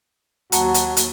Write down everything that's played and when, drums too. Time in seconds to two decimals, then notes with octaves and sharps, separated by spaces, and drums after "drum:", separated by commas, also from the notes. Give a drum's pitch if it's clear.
0.52 D#2 F#3 F#4 A5 A#5 C#7, drum: hi-hat
0.74 drum: hi-hat
0.97 drum: hi-hat